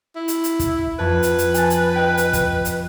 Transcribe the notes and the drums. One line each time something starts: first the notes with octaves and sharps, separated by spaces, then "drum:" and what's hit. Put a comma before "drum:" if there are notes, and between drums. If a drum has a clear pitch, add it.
E4
drum: hi-hat
drum: hi-hat
drum: kick, hi-hat
F2 B4 A5 G#6
drum: hi-hat
drum: hi-hat
G#5 A5 A6, drum: hi-hat
drum: hi-hat
D#5 G5 B6
drum: hi-hat
drum: kick, hi-hat
drum: hi-hat